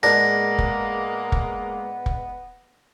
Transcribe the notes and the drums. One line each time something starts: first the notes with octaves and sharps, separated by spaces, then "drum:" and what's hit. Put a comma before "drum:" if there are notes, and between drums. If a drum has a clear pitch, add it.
G#2 G#3 A#3 B3 D4 A#4 A#6
drum: kick
drum: kick
drum: kick